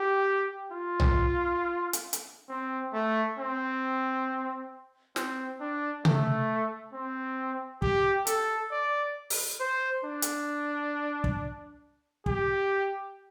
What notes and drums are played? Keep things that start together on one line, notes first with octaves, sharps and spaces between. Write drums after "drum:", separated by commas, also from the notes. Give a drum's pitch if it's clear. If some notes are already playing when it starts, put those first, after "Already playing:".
Already playing: G4
F4
drum: tom B1
drum: hi-hat
drum: hi-hat
C4
A3
C4
C4, drum: snare
D4
A3, drum: tom C3
C4
G4, drum: kick
A4, drum: hi-hat
D5
drum: open hi-hat
C5
D4
drum: hi-hat
drum: kick
G4, drum: kick